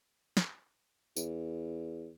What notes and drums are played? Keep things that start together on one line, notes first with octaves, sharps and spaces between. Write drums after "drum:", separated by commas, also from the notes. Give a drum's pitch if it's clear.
drum: snare
E2, drum: tambourine